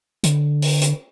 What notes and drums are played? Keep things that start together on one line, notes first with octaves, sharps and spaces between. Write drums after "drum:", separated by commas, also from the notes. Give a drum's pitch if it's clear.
D3, drum: hi-hat
drum: open hi-hat
drum: hi-hat